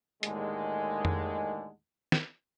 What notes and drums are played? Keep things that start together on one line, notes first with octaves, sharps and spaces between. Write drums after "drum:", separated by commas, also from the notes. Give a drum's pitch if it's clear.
D#2 A2 D3 D#3 G#3, drum: hi-hat
drum: tom F2
drum: snare